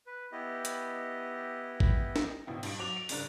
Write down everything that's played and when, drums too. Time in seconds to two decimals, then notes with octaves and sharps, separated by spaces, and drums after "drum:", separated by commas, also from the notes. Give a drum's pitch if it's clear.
0.06 B4
0.32 B3 E4 G4 D#5
0.65 drum: hi-hat
1.80 drum: kick
2.16 drum: snare
2.47 G#1 B2 E4 G5
2.63 G2 D7, drum: cymbal
2.79 F#3 D6 F7
2.96 D7
3.09 G#1 G2 C#3 D4 A#4 F#6, drum: open hi-hat